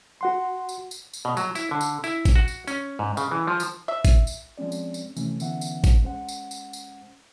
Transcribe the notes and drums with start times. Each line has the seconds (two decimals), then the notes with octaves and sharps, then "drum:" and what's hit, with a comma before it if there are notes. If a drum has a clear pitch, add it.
0.21 F#4 F#5 C6
0.69 drum: tambourine
0.91 drum: tambourine
1.13 drum: tambourine
1.25 B2
1.37 F#3, drum: tambourine
1.55 E4, drum: tambourine
1.71 D3
1.81 drum: tambourine
2.04 E4, drum: tambourine
2.25 drum: kick G#1, tambourine
2.36 F#4
2.48 drum: tambourine
2.68 C#4, drum: tambourine
2.99 G#2
3.17 C#3, drum: tambourine
3.32 E3
3.47 F3
3.60 drum: tambourine
3.88 E5
4.05 drum: kick G#1, tambourine
4.27 drum: tambourine
4.58 F3 G#3 C4 C#4 D5
4.72 drum: tambourine
4.94 drum: tambourine
5.17 C3 D#3 E3 A3 C#4, drum: tambourine
5.40 D3 E3 B3 C#4 E5 F#5, drum: tambourine
5.61 drum: tambourine
5.84 drum: kick G#1, tambourine
6.02 G#3 C#4 C5 F#5
6.29 drum: tambourine
6.51 drum: tambourine
6.73 drum: tambourine